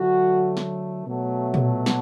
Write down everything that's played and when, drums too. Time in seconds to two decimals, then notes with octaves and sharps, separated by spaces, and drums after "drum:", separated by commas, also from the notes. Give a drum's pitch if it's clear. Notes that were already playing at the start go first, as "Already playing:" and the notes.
Already playing: D3 F#3 A3 F#4
0.57 drum: snare
1.06 B2 F#3 A3
1.54 drum: tom A#2
1.86 drum: snare